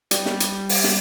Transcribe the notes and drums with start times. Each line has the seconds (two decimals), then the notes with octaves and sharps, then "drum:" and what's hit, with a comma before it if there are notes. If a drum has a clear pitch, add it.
0.11 G3, drum: hi-hat
0.26 drum: snare
0.40 drum: hi-hat
0.69 drum: open hi-hat
0.84 drum: snare